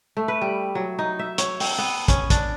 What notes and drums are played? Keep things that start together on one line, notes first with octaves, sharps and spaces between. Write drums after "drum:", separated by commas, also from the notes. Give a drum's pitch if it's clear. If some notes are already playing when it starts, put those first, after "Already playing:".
A3
B4
G3
F#3
D#4
E5
C#5, drum: hi-hat
C4, drum: open hi-hat
B3
C#4, drum: kick, hi-hat
D4, drum: kick, hi-hat